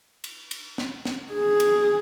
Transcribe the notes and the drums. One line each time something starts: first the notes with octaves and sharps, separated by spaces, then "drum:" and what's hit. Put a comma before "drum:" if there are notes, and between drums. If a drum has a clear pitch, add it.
drum: cymbal
drum: cymbal
drum: snare
drum: snare
G#4
drum: cymbal